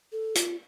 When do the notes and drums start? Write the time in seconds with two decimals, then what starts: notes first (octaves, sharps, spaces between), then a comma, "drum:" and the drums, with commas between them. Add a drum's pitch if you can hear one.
0.12 A4
0.35 F4, drum: hi-hat